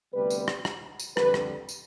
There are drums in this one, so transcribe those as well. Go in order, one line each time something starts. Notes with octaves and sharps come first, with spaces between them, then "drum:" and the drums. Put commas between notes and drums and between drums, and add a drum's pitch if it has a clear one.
D2 C3 G3 B3 B4
drum: tambourine
drum: rim click
drum: rim click
drum: tambourine
F2 D3 G3 B4, drum: rim click
drum: rim click
drum: tambourine